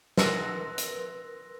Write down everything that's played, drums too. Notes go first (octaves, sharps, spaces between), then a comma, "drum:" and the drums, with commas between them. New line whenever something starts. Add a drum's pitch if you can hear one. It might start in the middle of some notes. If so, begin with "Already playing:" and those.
A#4 B4 C6 E6 F#6 A#6, drum: snare
drum: hi-hat